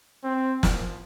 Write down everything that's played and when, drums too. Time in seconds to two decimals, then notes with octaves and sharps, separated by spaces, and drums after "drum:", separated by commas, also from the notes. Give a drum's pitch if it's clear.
0.24 C4
0.63 F3, drum: snare